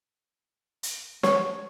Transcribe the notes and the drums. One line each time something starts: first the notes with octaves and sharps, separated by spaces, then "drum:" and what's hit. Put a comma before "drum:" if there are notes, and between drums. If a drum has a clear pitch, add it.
drum: hi-hat
C#5, drum: snare